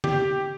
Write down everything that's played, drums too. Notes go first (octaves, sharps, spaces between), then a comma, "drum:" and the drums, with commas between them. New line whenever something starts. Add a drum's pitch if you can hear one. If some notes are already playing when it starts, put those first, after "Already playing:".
G4, drum: tom C#3